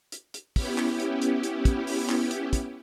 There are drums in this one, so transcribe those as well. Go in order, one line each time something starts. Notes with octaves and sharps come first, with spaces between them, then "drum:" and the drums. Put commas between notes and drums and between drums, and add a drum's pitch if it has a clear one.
drum: hi-hat
drum: hi-hat
B3 C#4 E4 G4, drum: kick, open hi-hat
drum: clap
drum: hi-hat
drum: hi-hat
drum: hi-hat
drum: kick, hi-hat
drum: open hi-hat
drum: clap
drum: hi-hat
drum: kick, hi-hat